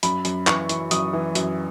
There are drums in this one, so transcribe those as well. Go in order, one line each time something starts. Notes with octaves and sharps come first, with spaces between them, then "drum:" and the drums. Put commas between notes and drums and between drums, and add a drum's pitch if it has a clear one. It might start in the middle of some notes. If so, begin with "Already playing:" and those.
F#2 B5, drum: hi-hat
F#2, drum: hi-hat
E3 C#6, drum: clap
E3, drum: hi-hat
F#2 D#6, drum: hi-hat
E3
F#2, drum: hi-hat